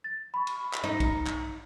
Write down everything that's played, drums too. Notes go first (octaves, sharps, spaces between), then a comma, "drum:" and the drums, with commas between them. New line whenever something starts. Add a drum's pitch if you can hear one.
A6
B5 C#6
drum: cymbal
drum: clap
D#4
A#5 C#7, drum: kick, cymbal
drum: clap